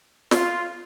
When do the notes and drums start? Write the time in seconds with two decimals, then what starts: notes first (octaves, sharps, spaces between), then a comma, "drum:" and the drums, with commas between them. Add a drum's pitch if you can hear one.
0.31 F4, drum: snare